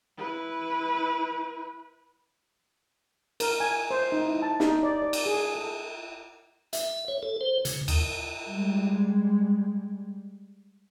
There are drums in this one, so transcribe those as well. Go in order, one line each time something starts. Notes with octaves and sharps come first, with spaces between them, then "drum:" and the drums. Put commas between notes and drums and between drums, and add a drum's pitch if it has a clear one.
E4 B4
A#4, drum: cymbal
G#5
C5
D#4
E4
A5
D#4, drum: snare
D5
D5
drum: cymbal
G#4
A4
E5, drum: hi-hat
C#5
A4
C5
C#3, drum: hi-hat
D#2, drum: cymbal
G3 G#3